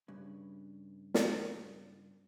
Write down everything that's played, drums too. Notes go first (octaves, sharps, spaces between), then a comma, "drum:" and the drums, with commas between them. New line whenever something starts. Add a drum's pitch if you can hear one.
G2 C#3
drum: snare